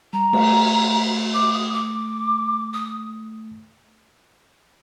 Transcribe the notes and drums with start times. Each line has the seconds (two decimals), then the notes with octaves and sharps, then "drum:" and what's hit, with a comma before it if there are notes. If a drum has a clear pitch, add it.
0.13 G3 A#5
0.33 A3, drum: cymbal
1.34 D6
1.53 D#6
1.73 D6
2.74 D#6